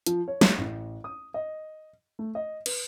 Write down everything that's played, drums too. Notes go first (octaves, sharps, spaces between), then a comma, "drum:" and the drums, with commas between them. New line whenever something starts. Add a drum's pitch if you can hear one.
F3, drum: hi-hat
C#5
drum: snare
A1
D#6
D#5
A3
D#5
B4, drum: cymbal